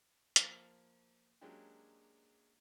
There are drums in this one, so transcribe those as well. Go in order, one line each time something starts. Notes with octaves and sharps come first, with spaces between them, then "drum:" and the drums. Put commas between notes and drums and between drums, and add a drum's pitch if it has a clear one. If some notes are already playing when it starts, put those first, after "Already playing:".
F3 A#3, drum: hi-hat
F#3 G#3 A#3 C#4 D4 G4